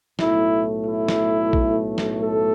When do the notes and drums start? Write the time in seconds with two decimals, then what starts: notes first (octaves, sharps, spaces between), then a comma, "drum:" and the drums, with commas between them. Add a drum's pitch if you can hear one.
0.19 B1 A2 A3 E4, drum: snare
0.86 E4
1.09 drum: snare
1.53 drum: kick A#1
1.98 drum: snare
2.21 A4